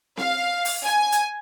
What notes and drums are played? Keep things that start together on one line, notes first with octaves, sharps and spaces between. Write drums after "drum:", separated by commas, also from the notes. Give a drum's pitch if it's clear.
F5, drum: snare C4
drum: open hi-hat
G#5
drum: hi-hat